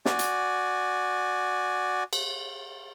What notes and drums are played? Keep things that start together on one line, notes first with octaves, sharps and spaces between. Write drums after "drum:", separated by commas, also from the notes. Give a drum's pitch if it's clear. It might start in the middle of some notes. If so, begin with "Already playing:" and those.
F#4 D5 G#5, drum: snare
drum: hi-hat
drum: cymbal